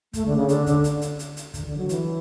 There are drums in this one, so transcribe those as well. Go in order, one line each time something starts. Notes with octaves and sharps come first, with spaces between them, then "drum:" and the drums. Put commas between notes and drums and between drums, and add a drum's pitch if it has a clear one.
A3, drum: kick, hi-hat
D3
C#3
D3, drum: hi-hat
D3, drum: kick, hi-hat
drum: hi-hat
drum: hi-hat
drum: hi-hat
drum: hi-hat
D3, drum: kick, hi-hat
E3
D3
F#3
E3, drum: hi-hat